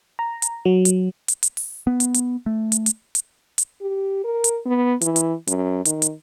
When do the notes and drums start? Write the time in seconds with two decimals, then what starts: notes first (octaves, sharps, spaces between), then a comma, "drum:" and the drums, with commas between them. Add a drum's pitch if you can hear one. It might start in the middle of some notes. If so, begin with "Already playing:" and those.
0.19 A#5
0.42 drum: hi-hat
0.65 F#3
0.85 drum: hi-hat
1.28 drum: hi-hat
1.43 drum: hi-hat
1.57 drum: open hi-hat
1.87 B3
2.00 drum: hi-hat
2.14 drum: hi-hat
2.46 A3
2.72 drum: hi-hat
2.86 drum: hi-hat
3.15 drum: hi-hat
3.58 drum: hi-hat
3.81 G4
4.24 A#4
4.44 drum: hi-hat
4.66 B3
5.01 E3, drum: hi-hat
5.16 drum: hi-hat
5.47 F#2, drum: hi-hat
5.85 D#3, drum: hi-hat
6.02 drum: hi-hat